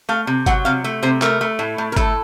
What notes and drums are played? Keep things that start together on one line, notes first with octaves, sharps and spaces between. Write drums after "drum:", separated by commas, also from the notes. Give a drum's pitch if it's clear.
A3 F5
C3
F#3 F#5, drum: kick G1, hi-hat
C3 F5
A3
C3 C5
A3 A#4, drum: clap
A3
A2
A2
A#4
A3 A4, drum: kick G1, hi-hat